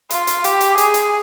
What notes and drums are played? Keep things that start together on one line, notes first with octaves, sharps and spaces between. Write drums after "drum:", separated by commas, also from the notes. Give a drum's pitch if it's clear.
F4, drum: hi-hat
drum: hi-hat
G4, drum: hi-hat
drum: hi-hat
G#4, drum: hi-hat
drum: hi-hat